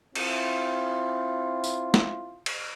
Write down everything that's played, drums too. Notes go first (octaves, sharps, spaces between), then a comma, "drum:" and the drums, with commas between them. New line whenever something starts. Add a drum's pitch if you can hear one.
C4 E4 F4, drum: cymbal
drum: tambourine
drum: snare
drum: cymbal